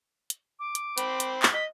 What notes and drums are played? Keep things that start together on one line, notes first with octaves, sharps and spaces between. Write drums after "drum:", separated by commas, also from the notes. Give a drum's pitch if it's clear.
drum: hi-hat
D6
drum: hi-hat
C4 B5 C6, drum: hi-hat
drum: hi-hat
drum: clap
D#5 B6